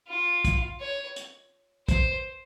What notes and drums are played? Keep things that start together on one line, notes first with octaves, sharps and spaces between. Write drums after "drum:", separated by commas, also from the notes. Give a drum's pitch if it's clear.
F4
drum: kick, hi-hat
C#5
drum: hi-hat
C5, drum: kick, hi-hat